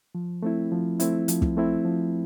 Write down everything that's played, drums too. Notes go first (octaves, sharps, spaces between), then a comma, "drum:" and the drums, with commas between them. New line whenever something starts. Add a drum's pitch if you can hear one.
F3
A3 C4 E4
F3
A3 C4 E4, drum: hi-hat
F3, drum: hi-hat
drum: kick
A3 C4 E4
F3